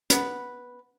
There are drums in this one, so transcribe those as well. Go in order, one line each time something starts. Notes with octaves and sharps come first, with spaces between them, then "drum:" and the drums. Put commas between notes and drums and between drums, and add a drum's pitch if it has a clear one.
B3 B4, drum: hi-hat